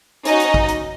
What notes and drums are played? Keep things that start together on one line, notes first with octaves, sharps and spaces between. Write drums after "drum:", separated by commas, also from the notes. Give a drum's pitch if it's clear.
C#4 D#4 F#4 D#5, drum: hi-hat
drum: hi-hat
drum: kick
drum: hi-hat